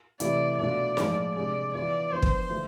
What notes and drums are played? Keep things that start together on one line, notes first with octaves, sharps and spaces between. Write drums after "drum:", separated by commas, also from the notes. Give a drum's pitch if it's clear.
C3 E3 A3 E4 D5, drum: hi-hat
B2 A3 D4 F4 D5
A2 F3 G#3, drum: snare
C3 G#3 D4 D5
E3 B3 F4 D5
F3 B3 D4 C5
drum: kick
D3 A3 D4 F4